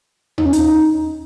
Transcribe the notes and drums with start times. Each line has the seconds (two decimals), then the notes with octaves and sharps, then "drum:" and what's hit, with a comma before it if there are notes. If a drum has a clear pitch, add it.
0.38 D#4, drum: tom D#2
0.45 C#4
0.53 D#4, drum: hi-hat